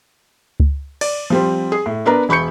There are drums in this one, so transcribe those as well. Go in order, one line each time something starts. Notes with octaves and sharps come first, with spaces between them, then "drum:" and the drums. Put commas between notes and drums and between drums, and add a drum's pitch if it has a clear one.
drum: kick C#2
D5, drum: cymbal
F3 G3 C4
G#4
A2
B3 D4 A#4 B4 A#5
E1 B5 C#6 G6 C#7